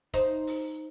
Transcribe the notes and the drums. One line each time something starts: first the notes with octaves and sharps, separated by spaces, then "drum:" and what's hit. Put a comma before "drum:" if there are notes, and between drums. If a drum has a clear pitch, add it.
D#4 C5, drum: kick, hi-hat
drum: open hi-hat